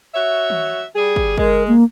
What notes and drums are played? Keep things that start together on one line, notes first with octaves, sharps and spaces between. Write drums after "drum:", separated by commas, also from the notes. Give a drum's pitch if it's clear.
F#4 C#5 E5
drum: tom D#3
G3 G#4
drum: kick
G#3 A#4, drum: kick
A#3